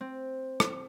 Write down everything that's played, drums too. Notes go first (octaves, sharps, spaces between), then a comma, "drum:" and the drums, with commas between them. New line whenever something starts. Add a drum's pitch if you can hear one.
C4
drum: rim click